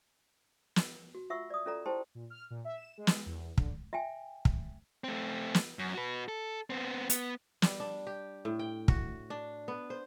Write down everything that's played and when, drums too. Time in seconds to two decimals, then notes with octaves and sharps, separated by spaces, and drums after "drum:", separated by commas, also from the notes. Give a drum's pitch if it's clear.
0.76 drum: snare
1.15 F#4
1.30 F4 E5 F#5 C#6 E6
1.50 D5 D#6
1.66 C#4 F4 A4 D5 A#5
1.86 E4 G4 C5 G5 A5 C6
2.15 A#2
2.30 F6
2.50 A#2
2.65 E5
2.76 E7
2.97 G#3
3.07 drum: snare
3.26 E2
3.58 D3, drum: kick
3.93 E5 F5 G5 G#5
4.45 drum: kick
5.04 A3 C4
5.54 drum: snare
5.79 F#2
5.94 F#4 B4
6.28 A4
6.70 B3 C4
7.10 B3, drum: hi-hat
7.62 G3, drum: snare
7.80 D4
8.07 G4
8.45 A2
8.59 G5
8.88 F#4, drum: kick
9.30 D4
9.68 B3
9.90 C5